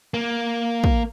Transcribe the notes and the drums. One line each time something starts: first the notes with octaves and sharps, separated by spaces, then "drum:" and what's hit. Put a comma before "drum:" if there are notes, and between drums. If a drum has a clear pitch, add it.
A#3
drum: kick